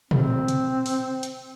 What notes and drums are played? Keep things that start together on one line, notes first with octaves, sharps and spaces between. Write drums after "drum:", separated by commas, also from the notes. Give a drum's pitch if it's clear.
C4, drum: tom
drum: hi-hat
drum: open hi-hat
drum: hi-hat